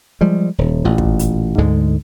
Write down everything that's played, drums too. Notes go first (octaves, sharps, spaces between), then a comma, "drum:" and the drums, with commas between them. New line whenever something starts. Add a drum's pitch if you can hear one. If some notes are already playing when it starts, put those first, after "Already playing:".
F3 G3 G#3
D#1
A1 A#2
drum: kick
drum: hi-hat
D2 G#2 D3 G#3